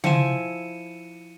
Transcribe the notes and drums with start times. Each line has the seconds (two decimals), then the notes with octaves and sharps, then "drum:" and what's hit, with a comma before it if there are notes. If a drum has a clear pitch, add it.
0.04 F3 E4 G#5 C#7 D#7 E7, drum: tom C#3